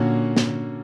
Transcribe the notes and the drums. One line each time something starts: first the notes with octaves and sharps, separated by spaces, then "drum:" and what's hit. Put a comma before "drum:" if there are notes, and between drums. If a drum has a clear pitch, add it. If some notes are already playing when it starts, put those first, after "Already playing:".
Already playing: A#2 D3 A#3 C#4 F#4
drum: snare